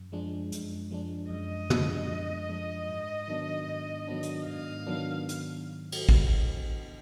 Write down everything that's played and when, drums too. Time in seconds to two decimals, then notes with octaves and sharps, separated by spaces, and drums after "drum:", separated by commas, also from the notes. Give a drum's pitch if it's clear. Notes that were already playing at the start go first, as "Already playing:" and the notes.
Already playing: F#2
0.12 F3 G#3 D4
0.52 F#2, drum: hi-hat
0.91 F3 G#3 D4
1.30 F#2 D#5
1.70 F3 G#3 D4, drum: tom
2.10 F#2
2.49 F3 G#3 D4
2.90 G#2
3.28 D#3 F#3 B3 D4
3.67 G#2
4.07 D#3 F#3 B3 D4
4.23 drum: hi-hat
4.47 G#2 F5
4.87 D#3 F#3 B3 D4
5.29 drum: hi-hat
5.92 drum: cymbal
6.09 drum: kick A1